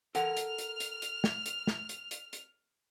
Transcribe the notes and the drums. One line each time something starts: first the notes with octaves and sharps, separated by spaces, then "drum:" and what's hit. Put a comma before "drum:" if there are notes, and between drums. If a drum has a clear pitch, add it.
A4 A#4 F#5 F6 F7, drum: hi-hat
drum: hi-hat
drum: hi-hat
drum: hi-hat
drum: hi-hat
drum: snare
drum: hi-hat
drum: snare
drum: hi-hat
drum: hi-hat
drum: hi-hat